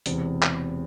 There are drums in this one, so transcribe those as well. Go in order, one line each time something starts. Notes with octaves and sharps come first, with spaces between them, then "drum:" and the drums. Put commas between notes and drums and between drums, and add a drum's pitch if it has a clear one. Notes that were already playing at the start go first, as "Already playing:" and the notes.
E1 E2 C3, drum: hi-hat
drum: clap